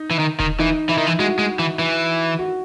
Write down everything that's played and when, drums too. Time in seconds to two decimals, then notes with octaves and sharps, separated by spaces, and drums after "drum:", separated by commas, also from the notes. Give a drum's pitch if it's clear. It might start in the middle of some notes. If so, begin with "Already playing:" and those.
Already playing: D#4
0.11 E3
0.19 D#3
0.40 D#3, drum: kick E1
0.59 E3 D#4
0.89 E3 E4
0.98 D#3
1.07 E3
1.19 G#3 F#4
1.39 G#3
1.59 E3
1.79 E3
2.39 F#4